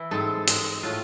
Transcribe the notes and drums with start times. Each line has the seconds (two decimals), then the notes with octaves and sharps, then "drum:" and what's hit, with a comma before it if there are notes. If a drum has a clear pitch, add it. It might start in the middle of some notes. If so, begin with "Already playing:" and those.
Already playing: E3 E4
0.11 G#2 G#3 C4 A4
0.48 G#2 G#3 C4, drum: hi-hat
0.83 A2 F3 A3 F4